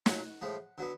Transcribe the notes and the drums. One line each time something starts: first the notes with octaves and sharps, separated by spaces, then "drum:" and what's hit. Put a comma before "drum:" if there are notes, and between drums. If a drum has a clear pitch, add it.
A#2 F#3 A3 C#4 F#5, drum: snare
A2 F3 G#3
D3 F#3 B3